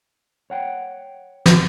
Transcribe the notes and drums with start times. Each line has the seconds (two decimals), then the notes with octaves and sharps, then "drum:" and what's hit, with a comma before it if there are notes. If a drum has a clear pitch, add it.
0.50 C#5 F#5 G5
1.46 drum: snare